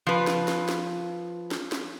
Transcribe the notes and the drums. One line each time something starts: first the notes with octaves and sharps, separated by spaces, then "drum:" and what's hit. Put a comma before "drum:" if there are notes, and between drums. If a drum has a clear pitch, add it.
F3 B4
drum: snare
drum: snare
drum: snare
drum: snare
drum: snare